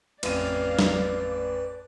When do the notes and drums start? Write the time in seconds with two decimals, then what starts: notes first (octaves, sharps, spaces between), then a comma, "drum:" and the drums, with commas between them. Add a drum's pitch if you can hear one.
0.23 A1 F2 B4 D5 F5 D#7, drum: cymbal
0.79 drum: snare